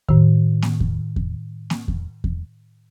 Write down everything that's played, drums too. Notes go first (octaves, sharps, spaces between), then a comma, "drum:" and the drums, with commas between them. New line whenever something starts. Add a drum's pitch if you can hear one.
A2 D#3, drum: kick E2
drum: snare A#3
drum: kick E2
drum: kick E2
drum: snare A#3
drum: kick E2
drum: kick E2